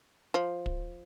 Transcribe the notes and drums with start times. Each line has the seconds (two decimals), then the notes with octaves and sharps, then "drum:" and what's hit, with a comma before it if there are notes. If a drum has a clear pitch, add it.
0.34 F3
0.66 drum: kick